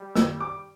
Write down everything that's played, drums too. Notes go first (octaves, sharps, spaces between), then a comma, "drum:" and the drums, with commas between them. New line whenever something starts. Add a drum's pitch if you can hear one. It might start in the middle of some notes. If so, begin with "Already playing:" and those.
Already playing: G3
E6, drum: snare
D6